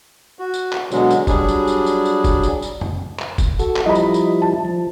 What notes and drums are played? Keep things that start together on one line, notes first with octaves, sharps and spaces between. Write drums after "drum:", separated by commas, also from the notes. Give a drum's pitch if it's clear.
F#4
drum: tambourine
drum: clap
B2 D3 F#3 G#3, drum: tambourine
drum: tambourine
F#3 G3 D4 G#4, drum: kick, tambourine
drum: tambourine
drum: tambourine
drum: tambourine
drum: tambourine
drum: kick, tambourine
drum: tambourine
drum: tambourine
drum: tom F2
drum: clap
drum: kick, tambourine
F#4 A4, drum: tambourine
drum: clap
F3 G3 E4 D#5 A#5 B5
drum: tambourine
drum: tambourine
A5
F3